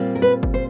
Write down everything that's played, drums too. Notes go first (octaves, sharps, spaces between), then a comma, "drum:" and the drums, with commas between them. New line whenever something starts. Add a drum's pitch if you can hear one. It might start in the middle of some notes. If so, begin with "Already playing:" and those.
Already playing: A#2 G3 C4 F4
A#4
B4
drum: kick G1
C5